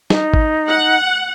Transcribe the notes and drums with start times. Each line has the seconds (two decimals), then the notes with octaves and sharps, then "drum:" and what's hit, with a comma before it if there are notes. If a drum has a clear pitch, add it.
0.10 D#4, drum: snare
0.34 drum: kick G#1
0.68 F#5